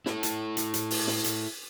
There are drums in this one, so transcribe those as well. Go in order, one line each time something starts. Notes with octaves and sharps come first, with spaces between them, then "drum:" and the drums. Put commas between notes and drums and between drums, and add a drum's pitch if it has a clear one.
E4 A4, drum: snare
drum: hi-hat
drum: hi-hat
drum: hi-hat
drum: open hi-hat
drum: snare
drum: hi-hat